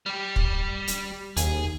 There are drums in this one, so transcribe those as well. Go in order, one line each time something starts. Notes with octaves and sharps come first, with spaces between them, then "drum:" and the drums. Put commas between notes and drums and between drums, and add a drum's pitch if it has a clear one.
G3 G4
drum: kick
drum: hi-hat
D#2 G#4, drum: hi-hat